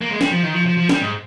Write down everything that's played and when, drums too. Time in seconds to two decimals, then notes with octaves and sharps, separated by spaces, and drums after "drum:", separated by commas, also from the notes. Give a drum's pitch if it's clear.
0.01 A#3
0.10 G#3
0.21 G3, drum: snare
0.31 F3
0.43 D#3
0.54 F3
0.66 F3
0.77 F3
0.89 G3, drum: snare
1.01 G#2